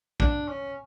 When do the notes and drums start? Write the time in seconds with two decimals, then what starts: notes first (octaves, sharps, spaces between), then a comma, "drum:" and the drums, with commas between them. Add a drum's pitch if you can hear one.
0.20 D4, drum: kick
0.48 C#4